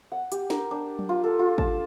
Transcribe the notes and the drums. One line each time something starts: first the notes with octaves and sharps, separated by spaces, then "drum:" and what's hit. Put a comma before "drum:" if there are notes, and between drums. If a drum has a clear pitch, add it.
F#5
G4, drum: hi-hat
A#4, drum: snare
D4
drum: tom F#3
F4
A4
F4
A5, drum: kick